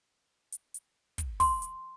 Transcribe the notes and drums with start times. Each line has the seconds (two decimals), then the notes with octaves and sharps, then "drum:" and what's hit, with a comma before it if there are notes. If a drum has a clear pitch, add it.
0.52 drum: hi-hat
0.74 drum: hi-hat
1.18 drum: kick, hi-hat
1.40 C6, drum: kick, open hi-hat
1.62 drum: hi-hat